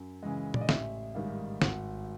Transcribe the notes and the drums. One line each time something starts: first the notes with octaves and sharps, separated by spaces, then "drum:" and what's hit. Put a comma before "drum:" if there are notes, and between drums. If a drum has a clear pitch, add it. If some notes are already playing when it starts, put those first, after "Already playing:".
Already playing: F#2
C#3 E3 G#3
D5, drum: tom A#2
D#5
A1 E5, drum: snare
G#2 D#3 G3 F5
G#1 F#5, drum: snare